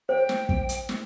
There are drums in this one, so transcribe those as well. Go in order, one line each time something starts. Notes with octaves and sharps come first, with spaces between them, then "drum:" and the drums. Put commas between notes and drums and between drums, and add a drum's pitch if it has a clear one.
C5 G5
drum: snare
drum: kick
drum: hi-hat
drum: snare